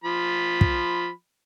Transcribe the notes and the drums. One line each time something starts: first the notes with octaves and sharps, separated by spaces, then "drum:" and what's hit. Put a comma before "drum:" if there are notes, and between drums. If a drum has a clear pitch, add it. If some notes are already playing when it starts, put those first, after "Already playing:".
F3 B5
drum: kick